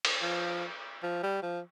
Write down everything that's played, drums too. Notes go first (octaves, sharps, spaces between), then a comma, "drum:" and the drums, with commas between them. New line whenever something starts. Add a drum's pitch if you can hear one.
drum: cymbal
F3
F3
G3
F3